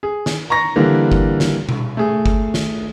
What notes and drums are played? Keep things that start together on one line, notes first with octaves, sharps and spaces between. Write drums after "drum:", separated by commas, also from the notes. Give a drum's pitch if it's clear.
G#4
drum: snare
A#5 C#6 A#6
D3 E3 G3 A#3
drum: kick G1
drum: snare
drum: tom B2
A3 G#4
drum: kick G1
drum: snare